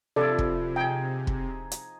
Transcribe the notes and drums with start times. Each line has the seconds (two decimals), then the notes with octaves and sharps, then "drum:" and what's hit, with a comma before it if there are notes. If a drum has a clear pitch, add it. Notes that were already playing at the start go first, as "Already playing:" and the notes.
0.16 C3 F3 E4 A4 D5
0.39 drum: kick
0.76 D#4 G#4 G5
1.27 drum: kick
1.72 drum: hi-hat